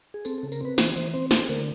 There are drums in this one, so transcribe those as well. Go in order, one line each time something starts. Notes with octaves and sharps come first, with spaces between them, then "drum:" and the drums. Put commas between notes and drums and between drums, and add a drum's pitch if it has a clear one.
G#4
C4 A4, drum: tambourine
A4
C#3
A#4, drum: tambourine
C4 B4
E3 C5, drum: snare
E3 C5
C4 C5
A3 C5, drum: snare
D3 A#4